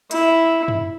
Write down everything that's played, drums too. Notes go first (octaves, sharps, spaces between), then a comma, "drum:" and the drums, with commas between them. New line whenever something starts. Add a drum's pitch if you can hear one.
E4, drum: hi-hat
drum: tom F#2